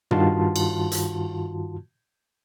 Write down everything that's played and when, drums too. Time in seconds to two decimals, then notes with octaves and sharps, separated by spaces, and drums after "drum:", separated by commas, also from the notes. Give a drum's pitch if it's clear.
0.11 G2 D#3 F4 F#4 A5 C6, drum: tom
0.56 drum: cymbal
0.92 drum: hi-hat